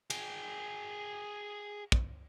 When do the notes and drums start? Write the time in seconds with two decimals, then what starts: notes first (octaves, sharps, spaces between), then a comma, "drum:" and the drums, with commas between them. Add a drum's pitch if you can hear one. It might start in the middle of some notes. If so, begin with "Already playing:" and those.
0.10 G#4 G5, drum: cymbal
1.92 drum: kick